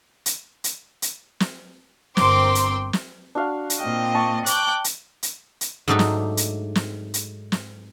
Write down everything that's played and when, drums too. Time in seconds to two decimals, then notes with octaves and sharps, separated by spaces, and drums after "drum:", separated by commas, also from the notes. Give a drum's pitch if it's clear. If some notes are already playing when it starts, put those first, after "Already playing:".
0.26 drum: hi-hat
0.64 drum: hi-hat
1.02 drum: hi-hat
1.40 drum: snare
2.17 G1 C4 A#4 G5 C6 D6, drum: snare
2.55 drum: hi-hat
2.93 drum: snare
3.35 D4 F#4 F5
3.70 drum: hi-hat
3.80 A#2 C4 D#5 G5
4.15 A5 C#6
4.46 G5 D6 F#6, drum: hi-hat
4.84 drum: hi-hat
5.23 drum: hi-hat
5.61 drum: hi-hat
5.88 G#2 F#3 A3 D4 D#4 G4
5.99 drum: snare
6.37 drum: hi-hat
6.75 drum: snare
7.14 drum: hi-hat
7.52 drum: snare